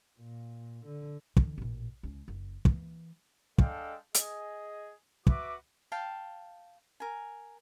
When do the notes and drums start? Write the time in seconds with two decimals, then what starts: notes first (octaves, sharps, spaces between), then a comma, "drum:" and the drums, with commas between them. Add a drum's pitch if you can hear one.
0.20 A#2
0.86 D3
1.37 D3 E3, drum: kick
1.58 A1 A#2
2.03 C#2 C#4
2.28 F#1
2.65 E3 A#3, drum: kick
3.58 G#3 D4 A4 D#5 F5 G5, drum: kick
4.14 G#4 D#5, drum: hi-hat
5.27 F#4 B4 E5 D6, drum: kick
5.92 F5 G5 A5
7.00 A#4 G#5